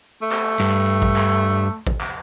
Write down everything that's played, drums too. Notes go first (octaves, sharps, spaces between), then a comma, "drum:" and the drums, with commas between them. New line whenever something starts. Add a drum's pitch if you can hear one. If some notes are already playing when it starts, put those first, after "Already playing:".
A3
drum: clap
G2
drum: kick
drum: clap
drum: kick
drum: clap